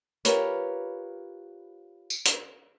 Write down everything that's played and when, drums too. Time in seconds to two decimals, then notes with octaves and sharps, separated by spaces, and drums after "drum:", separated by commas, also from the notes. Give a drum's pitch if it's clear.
0.25 F4 G4 A#4 B4 C#5, drum: hi-hat
2.10 drum: tambourine
2.25 drum: hi-hat